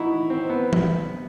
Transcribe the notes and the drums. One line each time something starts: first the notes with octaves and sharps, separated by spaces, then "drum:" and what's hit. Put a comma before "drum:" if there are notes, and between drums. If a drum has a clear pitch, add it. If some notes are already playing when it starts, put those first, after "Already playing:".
Already playing: D#4 E4 F#4
C4
B3
drum: tom